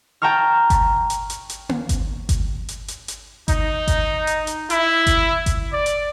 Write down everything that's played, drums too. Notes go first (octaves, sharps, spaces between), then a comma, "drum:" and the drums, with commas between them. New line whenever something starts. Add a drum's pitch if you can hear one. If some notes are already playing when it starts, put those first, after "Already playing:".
G5 A5 A#5 C#6 F6
drum: kick G1, hi-hat
drum: hi-hat
drum: hi-hat
drum: hi-hat
drum: tom A#3
drum: kick G1, hi-hat
drum: kick G1, hi-hat
drum: hi-hat
drum: hi-hat
drum: hi-hat
D#4, drum: kick G1, hi-hat
drum: kick G1, hi-hat
drum: hi-hat
drum: hi-hat
E4, drum: hi-hat
drum: kick G1, hi-hat
drum: kick G1, hi-hat
D5
drum: hi-hat